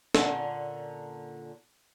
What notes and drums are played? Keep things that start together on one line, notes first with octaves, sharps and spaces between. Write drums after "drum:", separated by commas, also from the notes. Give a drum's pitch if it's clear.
A#2 D3 C#4, drum: snare